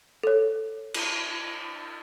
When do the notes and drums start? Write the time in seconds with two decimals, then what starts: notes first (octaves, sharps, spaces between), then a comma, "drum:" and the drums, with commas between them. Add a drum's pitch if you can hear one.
0.23 A4 C#5
0.94 drum: cymbal